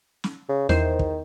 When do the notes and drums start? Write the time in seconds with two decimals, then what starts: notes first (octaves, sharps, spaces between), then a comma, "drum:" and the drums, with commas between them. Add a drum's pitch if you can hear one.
0.24 drum: snare
0.49 C#3
0.69 E2 D#3 C5, drum: snare
0.99 drum: kick